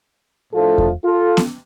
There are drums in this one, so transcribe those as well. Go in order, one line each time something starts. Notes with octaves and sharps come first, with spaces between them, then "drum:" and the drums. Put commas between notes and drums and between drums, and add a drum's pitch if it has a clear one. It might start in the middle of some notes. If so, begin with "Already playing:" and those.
A2 F3 A3 D4 F4 A4
drum: kick E2
F4 A4
drum: snare B3